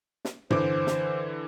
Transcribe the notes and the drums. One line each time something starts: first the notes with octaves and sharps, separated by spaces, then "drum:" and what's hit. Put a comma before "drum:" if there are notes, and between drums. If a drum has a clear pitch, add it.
drum: snare
D3 E3 C5 D6, drum: tom
drum: snare